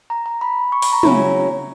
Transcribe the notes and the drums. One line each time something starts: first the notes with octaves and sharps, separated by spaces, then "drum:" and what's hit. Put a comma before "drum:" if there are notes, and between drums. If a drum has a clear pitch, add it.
A#5
A#5
B5
C#6
B5, drum: open hi-hat
A#5
C#3 F#3 C#4 E4, drum: tom